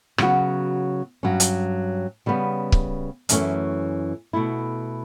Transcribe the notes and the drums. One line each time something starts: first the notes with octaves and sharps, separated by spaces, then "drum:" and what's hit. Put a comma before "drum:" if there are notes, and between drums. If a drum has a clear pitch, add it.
C#3 F#3 B3 F#4, drum: rim click
G2 F#3 C#4
drum: hi-hat
C#3 G3 B3
drum: kick C#1
F#2 E3 A3 C#4, drum: hi-hat
B2 A3 E4